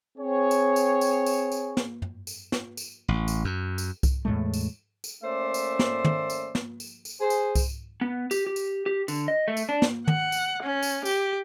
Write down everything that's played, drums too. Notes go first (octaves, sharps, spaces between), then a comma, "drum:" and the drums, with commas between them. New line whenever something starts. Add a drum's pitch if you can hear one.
C4 G#4 C#5
drum: tambourine
drum: tambourine
drum: tambourine
drum: tambourine
drum: tambourine
drum: snare
drum: tom
drum: tambourine
drum: snare
drum: tambourine
A1
drum: tambourine
F#2
drum: tambourine
drum: kick C2, tambourine
E2 A2 G#3 A3
drum: tambourine
drum: tambourine
A3 A#3 C#4 C5 D5 E5
drum: tambourine
drum: snare
drum: tom D#3
drum: tambourine
drum: snare
drum: tambourine
drum: tambourine
G#4 C5
drum: tambourine
drum: kick C2, tambourine
B3
G4, drum: tambourine
G4
drum: tambourine
G4
D3, drum: tambourine
D#5
A3
drum: tambourine
D4
drum: snare
F#5, drum: tom D#3
drum: tambourine
C#4
drum: tambourine
G4, drum: tambourine